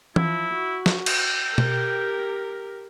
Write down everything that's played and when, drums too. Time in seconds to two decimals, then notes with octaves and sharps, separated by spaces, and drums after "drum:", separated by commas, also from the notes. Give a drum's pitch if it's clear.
0.16 F3 E4, drum: tom E3
0.54 F#4
0.86 drum: snare
1.06 G5, drum: cymbal
1.58 G4 A#4, drum: tom B2